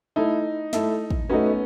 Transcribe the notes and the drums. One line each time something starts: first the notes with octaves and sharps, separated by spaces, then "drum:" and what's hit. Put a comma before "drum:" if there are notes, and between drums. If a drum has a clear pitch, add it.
A3 D#4 E4 A4 E5
A3 E4 A4 E5, drum: snare
drum: kick
A3 C#4 D#4 F#4 B4
B3